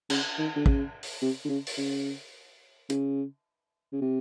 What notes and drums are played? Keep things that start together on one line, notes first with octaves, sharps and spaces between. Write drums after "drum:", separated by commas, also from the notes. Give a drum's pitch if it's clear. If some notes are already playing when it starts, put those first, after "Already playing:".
C#3, drum: cymbal
D#3
D3
C#3, drum: kick
drum: open hi-hat
C3
D3
C#3
drum: open hi-hat
C#3
C#3, drum: hi-hat
C#3
C3